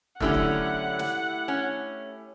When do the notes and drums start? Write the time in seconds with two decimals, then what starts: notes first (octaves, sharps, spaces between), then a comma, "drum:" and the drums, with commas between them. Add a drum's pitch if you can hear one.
0.20 F#2 D3 A3 C#4 E4 G4 F#5, drum: kick
0.34 drum: kick
0.99 drum: snare
1.48 C#4